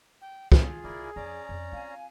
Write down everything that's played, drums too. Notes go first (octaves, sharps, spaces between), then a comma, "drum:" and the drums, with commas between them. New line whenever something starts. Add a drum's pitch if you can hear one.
G5
F4 G#4, drum: kick
C2 C#3 E4 A#4 D5
F2 C#4 D5 A#5
F2
C4 F4 F5 G#5